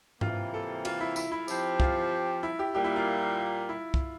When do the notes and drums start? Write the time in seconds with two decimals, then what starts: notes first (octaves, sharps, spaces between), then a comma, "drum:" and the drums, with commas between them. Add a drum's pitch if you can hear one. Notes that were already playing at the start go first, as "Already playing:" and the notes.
0.21 C3 E3 G3 A#3 F4, drum: tom G#2
0.54 A4
0.85 F4, drum: cymbal
1.00 E4
1.16 E4, drum: tambourine
1.32 E4
1.48 F3 C4 G4, drum: tambourine
1.80 F4, drum: kick
2.43 E4
2.59 G4
2.74 A#2 G3 A#3 G4
2.84 E4
2.96 F4
3.69 E4
3.94 drum: kick